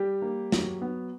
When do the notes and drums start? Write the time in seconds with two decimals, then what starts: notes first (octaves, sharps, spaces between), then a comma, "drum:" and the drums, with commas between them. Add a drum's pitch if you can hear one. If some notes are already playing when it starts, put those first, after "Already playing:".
Already playing: G3 G4
0.22 A#3
0.52 F#3, drum: snare
0.82 B3